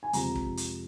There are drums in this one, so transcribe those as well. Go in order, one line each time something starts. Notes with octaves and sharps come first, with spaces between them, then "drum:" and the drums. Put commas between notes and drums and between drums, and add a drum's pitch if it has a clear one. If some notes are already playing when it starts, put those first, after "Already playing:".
G#5
F2 C3 F3 G#3 A#5, drum: hi-hat
drum: kick
drum: hi-hat